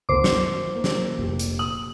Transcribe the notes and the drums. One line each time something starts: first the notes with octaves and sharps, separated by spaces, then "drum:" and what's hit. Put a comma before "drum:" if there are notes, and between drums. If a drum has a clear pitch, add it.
G1 D2 A#4 C5 D6
F#4 C#7, drum: snare
A#3
drum: snare
F1 A#1 G4
drum: hi-hat
D#6 F#7